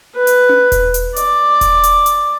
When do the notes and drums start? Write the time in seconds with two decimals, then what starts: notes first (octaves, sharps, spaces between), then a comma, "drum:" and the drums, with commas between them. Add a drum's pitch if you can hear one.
0.15 B4
0.27 drum: hi-hat
0.49 drum: tom C#4
0.72 drum: kick E1, hi-hat
0.94 drum: hi-hat
1.16 D5, drum: hi-hat
1.61 drum: kick E1, hi-hat
1.83 drum: hi-hat
2.06 drum: hi-hat